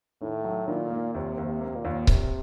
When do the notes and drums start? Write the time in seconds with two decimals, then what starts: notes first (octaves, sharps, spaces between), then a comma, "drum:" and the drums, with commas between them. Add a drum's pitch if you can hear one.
0.21 A2 D#3
0.44 F#3
0.68 A#2 D#3
0.90 A#3
1.14 D#2 C3
1.38 D#2
1.45 C3
1.61 A#3
1.76 A#2
1.85 D#2
2.07 D#2 C3, drum: kick C#1